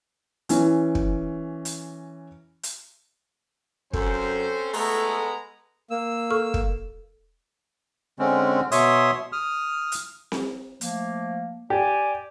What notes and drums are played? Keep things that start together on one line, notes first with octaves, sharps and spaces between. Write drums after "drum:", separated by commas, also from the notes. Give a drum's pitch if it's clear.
E3 C#4, drum: hi-hat
drum: kick
drum: hi-hat
drum: hi-hat
F#2 C4 C#4 A4 C5, drum: kick
G#3 A3 B3 A#5, drum: open hi-hat
A#3 E6
A4 C#6 F6
drum: kick
D3 G#3 C4 C#4
B2 C#5 E5 C6 D#6, drum: hi-hat
D#6 F6
drum: hi-hat
drum: snare C4
F3 A3 A#3, drum: hi-hat
G4 D5 G#5